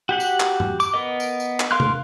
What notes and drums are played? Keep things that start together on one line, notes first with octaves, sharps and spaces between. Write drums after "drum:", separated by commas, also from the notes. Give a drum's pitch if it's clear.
F#4 G4 F#5
drum: tambourine
drum: clap
drum: tom G2
D6, drum: tambourine
B3 A#4 D#5
drum: tambourine
drum: tambourine
drum: clap
A#4 F5 C6 F6 F#6
drum: tom C3